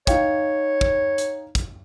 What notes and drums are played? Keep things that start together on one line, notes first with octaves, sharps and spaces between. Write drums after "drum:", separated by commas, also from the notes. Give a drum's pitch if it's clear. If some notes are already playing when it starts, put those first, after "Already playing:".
D#4 C#5 F5 G5, drum: kick, hi-hat
drum: kick
drum: hi-hat
drum: kick, hi-hat